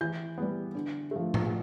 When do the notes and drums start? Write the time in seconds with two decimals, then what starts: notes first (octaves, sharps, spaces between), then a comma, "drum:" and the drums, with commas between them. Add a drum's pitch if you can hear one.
0.01 E3 G6
0.38 G3 B3
0.75 D3
1.11 F3 A3
1.34 drum: tom A2